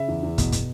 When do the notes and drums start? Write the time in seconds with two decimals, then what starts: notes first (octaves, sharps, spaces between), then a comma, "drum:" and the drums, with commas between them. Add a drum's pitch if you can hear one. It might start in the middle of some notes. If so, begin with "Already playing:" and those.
Already playing: C#3 E5
0.08 E2
0.23 E2
0.38 B2, drum: kick, hi-hat
0.52 B2, drum: hi-hat